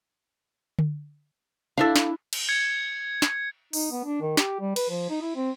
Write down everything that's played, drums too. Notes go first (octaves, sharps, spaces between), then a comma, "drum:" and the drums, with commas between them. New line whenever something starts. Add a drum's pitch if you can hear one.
drum: tom D3
D4 E4 A4 E5 F5
drum: snare
drum: cymbal
G#6 C#7
drum: snare
D#4, drum: open hi-hat
B3
D4
D#3
G4, drum: snare
G3
B4, drum: cymbal
F3
D#4
E4
C4